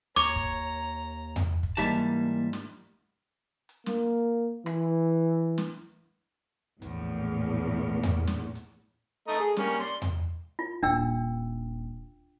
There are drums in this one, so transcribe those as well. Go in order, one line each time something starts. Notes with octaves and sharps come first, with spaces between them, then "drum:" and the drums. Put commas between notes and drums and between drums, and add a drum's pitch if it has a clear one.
D#2 C#5 A#5 D6
drum: kick
drum: tom E2
drum: kick
G#2 E3 G3 A#3 E5 A5
drum: snare
drum: hi-hat
A#3, drum: snare
E3, drum: rim click
drum: snare
A#1 E2 A2, drum: hi-hat
drum: tom E2
drum: snare
drum: hi-hat
A3 D#5 A#5
G#4
G3 A#3 C#4, drum: snare
D5 C6, drum: rim click
drum: tom E2
F4
D#1 D4 G5 E6